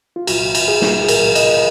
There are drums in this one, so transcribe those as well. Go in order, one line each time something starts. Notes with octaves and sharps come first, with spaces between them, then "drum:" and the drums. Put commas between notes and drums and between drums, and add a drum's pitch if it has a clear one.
F4
C2 A#2 F#3 F#4, drum: cymbal
drum: cymbal
G#4
drum: snare
G#4
C2 A#2 F#3 A#4, drum: cymbal
D#5, drum: cymbal